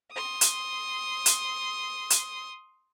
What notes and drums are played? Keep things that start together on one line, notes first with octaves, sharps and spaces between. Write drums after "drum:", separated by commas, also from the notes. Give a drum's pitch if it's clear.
C6 D#6
drum: hi-hat
drum: hi-hat
drum: hi-hat